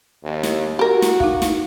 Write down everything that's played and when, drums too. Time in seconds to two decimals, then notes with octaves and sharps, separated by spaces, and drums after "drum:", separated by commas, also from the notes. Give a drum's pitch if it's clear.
0.24 D#2
0.43 drum: snare
0.79 F#4 G4 A#4
1.02 drum: snare
1.20 D#4 F5, drum: kick
1.42 drum: snare